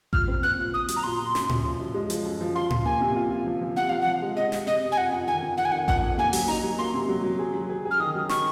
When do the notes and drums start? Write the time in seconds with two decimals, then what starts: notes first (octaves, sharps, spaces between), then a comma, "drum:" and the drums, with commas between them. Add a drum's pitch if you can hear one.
0.13 A#2 F6, drum: kick A1
0.28 C4
0.43 C4 F#6
0.59 A#2
0.74 A#2 D#6
0.88 F#3, drum: hi-hat
0.96 A#5
1.03 A#2 C6
1.19 A#2
1.35 F#2, drum: snare
1.49 F#2, drum: tom A2
1.64 F3
1.80 F#2
1.94 G#3
2.10 F3, drum: hi-hat
2.25 F#2
2.41 F3
2.55 F4 C6
2.70 F4, drum: tom A2
2.85 A#3 G#5
3.01 C3
3.16 F4
3.30 F4
3.46 F3
3.62 F3
3.76 C3 F#5
3.89 F3 F5
4.01 F#5
4.07 F3
4.22 G#3
4.36 C3 D#5
4.52 C3, drum: snare
4.66 C3 D#5
4.83 C3
4.92 G#5
4.97 F2 F#5
5.12 F2
5.27 D#3 G#5
5.42 F2
5.57 F2 F#5
5.65 G#5
5.72 D#3 F#5
5.88 F2 F#5, drum: kick A1
6.03 F2
6.18 A#3 G#5
6.33 F#3, drum: open hi-hat
6.48 D#4 A#5
6.63 F#3
6.79 A#3 C6
6.94 C3
7.09 F#3
7.24 F#3
7.39 G#4
7.54 F#3
7.69 G#4
7.85 G#4
7.91 F6
8.00 D#3 D#6
8.15 F#3
8.29 D#3 C#6, drum: snare